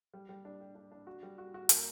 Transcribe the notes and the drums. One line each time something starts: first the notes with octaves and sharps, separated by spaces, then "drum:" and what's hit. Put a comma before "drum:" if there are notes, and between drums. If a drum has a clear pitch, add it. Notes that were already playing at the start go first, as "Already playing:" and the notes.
G3
G3
D4
G4
D4
D4
F#4
G3
F#4
F#4
A#3, drum: hi-hat